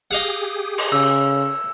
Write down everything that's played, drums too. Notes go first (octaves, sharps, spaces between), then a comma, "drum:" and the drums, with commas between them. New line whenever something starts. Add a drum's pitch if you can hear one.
G4 G#4 D#5 F5 F#5
drum: cymbal
C#3 E6